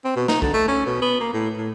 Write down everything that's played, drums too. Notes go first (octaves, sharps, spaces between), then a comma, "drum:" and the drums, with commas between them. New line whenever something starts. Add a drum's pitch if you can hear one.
C4
B2
D#4, drum: snare
D3, drum: kick
A3
C#4
B2
B3
A#3
A2
A2